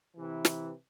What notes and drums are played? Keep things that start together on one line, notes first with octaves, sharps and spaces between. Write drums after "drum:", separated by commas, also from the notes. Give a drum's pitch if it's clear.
C3 E3
drum: snare